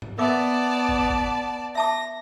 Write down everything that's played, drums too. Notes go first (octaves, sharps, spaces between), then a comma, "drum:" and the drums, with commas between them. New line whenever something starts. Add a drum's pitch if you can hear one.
drum: tom G2
B3 A#4 D5 E5 A5 D6
drum: kick
drum: kick
E5 A5 D6 A#6